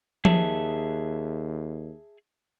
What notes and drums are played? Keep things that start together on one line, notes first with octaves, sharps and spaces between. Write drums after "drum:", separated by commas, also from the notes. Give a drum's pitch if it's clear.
D#2 G#4 E5 A5, drum: tom F3